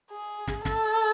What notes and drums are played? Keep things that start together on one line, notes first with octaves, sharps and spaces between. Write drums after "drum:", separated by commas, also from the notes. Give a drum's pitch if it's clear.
G#4
drum: snare
A4, drum: snare